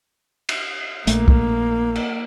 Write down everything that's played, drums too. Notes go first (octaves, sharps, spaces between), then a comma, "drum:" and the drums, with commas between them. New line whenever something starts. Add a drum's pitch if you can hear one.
drum: cymbal
A#1 A3 A#3, drum: hi-hat
drum: kick
drum: cymbal